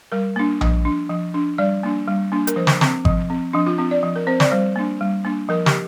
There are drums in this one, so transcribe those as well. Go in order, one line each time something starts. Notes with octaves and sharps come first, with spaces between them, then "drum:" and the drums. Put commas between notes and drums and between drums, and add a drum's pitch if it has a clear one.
G3 A#4
A#3 D4
F3, drum: tom A#1
D4
F3
D4
G3 D5
A#3 D4
G3
A#3 D4
A#4, drum: hi-hat
F3 C5
drum: snare
C4, drum: snare
F3, drum: kick G#1
C4
F3 D4
F4
C4 F4
D5
F3
A#4
C4 C5
D5, drum: snare
G3 C5
A#3 D4
G3
A#3 D4
F3 A#4
G4, drum: snare